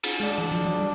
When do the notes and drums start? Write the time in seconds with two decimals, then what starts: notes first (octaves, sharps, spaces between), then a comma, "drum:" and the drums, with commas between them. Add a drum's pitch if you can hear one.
0.03 drum: cymbal
0.20 G#3 D4
0.38 E3
0.52 F3
0.65 F#3
0.79 G3